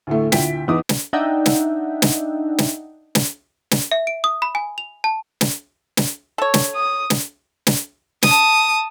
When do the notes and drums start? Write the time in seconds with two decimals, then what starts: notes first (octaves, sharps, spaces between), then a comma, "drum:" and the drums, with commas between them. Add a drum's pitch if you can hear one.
0.07 D2 A2 A3
0.32 D2 A#2 E4 G5 B6, drum: snare
0.68 E2 B3 D#4 D6 D#6
0.89 drum: snare
1.13 D4 D#4 E5 F#5 G5
1.46 drum: snare
2.02 drum: snare
2.58 drum: snare
3.15 drum: snare
3.71 drum: snare
3.91 E5
4.07 D7
4.24 D#6
4.42 B5
4.55 G#5
4.78 F7
5.04 A5
5.41 drum: snare
5.97 drum: snare
6.38 A4 C#5
6.54 drum: snare
6.75 D#6
7.10 drum: snare
7.67 drum: snare
8.22 A5 D#6, drum: snare